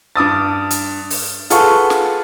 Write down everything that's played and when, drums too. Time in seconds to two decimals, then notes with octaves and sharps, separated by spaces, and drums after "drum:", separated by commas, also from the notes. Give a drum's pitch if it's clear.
0.16 G2 D6 D#6 A6
0.70 drum: hi-hat
1.10 drum: open hi-hat
1.50 F4 G#4 A4 B4 F#5 C#6, drum: hi-hat
1.90 drum: snare